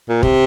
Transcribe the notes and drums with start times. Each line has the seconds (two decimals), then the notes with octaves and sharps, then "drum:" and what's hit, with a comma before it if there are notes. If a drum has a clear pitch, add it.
0.09 A#2
0.23 C3, drum: kick